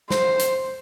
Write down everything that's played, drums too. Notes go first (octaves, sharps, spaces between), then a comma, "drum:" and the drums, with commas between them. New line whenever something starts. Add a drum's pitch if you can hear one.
C5, drum: snare
drum: hi-hat